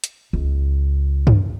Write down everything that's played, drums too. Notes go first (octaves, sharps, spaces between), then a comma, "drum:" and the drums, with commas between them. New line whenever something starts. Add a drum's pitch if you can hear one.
drum: hi-hat
C#2
drum: tom